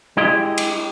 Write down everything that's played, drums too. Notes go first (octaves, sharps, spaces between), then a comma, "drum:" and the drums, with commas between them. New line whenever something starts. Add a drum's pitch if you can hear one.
G#3 E4 G4 D#5
drum: cymbal